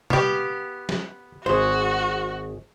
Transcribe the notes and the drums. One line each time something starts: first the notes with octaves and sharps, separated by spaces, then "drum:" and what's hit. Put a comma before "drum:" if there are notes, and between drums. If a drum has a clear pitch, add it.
B3 G4 F5, drum: tom B2
drum: snare
G#1 F#4 G#4 C5